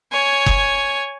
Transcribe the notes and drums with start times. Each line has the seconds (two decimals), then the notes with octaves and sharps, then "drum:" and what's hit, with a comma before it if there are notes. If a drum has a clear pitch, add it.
0.12 C#5 G#5
0.46 drum: kick F#1